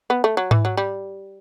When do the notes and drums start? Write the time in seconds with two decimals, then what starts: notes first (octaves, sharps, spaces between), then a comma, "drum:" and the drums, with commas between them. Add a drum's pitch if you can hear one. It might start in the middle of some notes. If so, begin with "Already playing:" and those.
0.10 B3
0.24 A3
0.37 F#3
0.51 E3, drum: tom G#2
0.65 F#3
0.77 G3